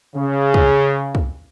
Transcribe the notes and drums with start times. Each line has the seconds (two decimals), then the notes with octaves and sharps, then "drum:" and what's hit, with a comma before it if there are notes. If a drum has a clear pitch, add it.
0.16 C#3
0.54 drum: kick
1.15 drum: kick